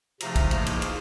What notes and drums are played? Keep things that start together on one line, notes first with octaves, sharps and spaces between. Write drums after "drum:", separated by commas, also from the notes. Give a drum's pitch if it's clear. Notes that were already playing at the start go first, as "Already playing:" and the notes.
C3 F3 A3 A#5, drum: cymbal
drum: kick, cymbal
A2 F3 A#3 D#4, drum: cymbal
drum: cymbal
drum: cymbal